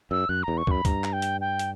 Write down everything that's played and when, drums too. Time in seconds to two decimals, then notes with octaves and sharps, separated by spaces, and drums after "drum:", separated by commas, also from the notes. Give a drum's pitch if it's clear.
0.11 F#2 E6
0.29 F#2 F#6
0.43 E2 A#5
0.58 C#6
0.67 F#2 B5, drum: kick
0.85 G2 A#5, drum: kick, hi-hat
1.04 drum: clap
1.13 G5
1.22 drum: hi-hat
1.41 G5
1.59 drum: hi-hat